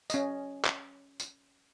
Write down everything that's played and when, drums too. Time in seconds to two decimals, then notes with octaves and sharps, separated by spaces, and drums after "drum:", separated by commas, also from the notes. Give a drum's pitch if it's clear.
0.10 C#4 D#5, drum: tambourine
0.65 drum: clap
1.20 drum: tambourine